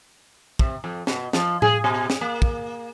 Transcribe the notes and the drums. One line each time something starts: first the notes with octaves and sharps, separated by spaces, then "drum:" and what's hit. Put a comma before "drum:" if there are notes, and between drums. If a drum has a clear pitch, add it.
C3, drum: kick
F2
B2, drum: snare
F3, drum: snare
G#4, drum: tom A2
B2
drum: snare
A#3
drum: kick